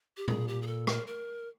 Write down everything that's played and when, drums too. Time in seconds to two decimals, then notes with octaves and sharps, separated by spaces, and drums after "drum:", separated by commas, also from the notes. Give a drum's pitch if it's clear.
0.17 G4
0.28 A#2 G#4, drum: tom
0.48 G4
0.62 G#4
0.67 A4
0.87 A#4, drum: rim click
1.07 A#4